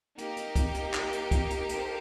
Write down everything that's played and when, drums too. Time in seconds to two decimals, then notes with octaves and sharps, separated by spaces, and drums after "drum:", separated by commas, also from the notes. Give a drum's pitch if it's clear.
0.18 A#3 D#4 G4, drum: hi-hat
0.37 drum: hi-hat
0.56 drum: kick, hi-hat
0.74 drum: hi-hat
0.93 drum: clap
1.12 drum: hi-hat
1.31 drum: kick, hi-hat
1.50 drum: hi-hat
1.69 A4 C5, drum: hi-hat